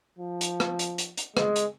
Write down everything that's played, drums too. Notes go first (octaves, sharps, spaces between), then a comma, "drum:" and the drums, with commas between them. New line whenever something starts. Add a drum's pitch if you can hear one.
F3
drum: hi-hat
drum: rim click
drum: hi-hat
drum: hi-hat
drum: hi-hat
G#3, drum: rim click
drum: hi-hat